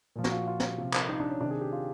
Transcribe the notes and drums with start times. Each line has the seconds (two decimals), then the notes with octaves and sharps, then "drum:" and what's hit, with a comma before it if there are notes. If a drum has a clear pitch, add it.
0.16 A#2 F3
0.24 F#4, drum: snare
0.32 F4
0.48 F4
0.60 drum: snare
0.78 C3 F3
0.93 drum: clap
1.09 D#4
1.20 D4
1.30 C#4
1.40 C3 D#3 D4
1.51 G#4
1.61 G4
1.72 F4